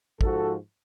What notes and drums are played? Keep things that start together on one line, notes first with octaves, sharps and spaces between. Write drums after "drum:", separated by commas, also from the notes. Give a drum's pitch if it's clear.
G#2 F3 F#4 A4, drum: kick